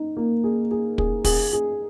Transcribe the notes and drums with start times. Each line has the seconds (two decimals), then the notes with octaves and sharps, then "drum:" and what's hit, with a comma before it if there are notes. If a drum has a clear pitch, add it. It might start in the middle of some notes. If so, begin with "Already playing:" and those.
Already playing: D#4
0.17 A#3
0.44 G#4
0.71 G#4
0.98 G#4, drum: kick
1.24 G#4, drum: kick, open hi-hat
1.53 G#4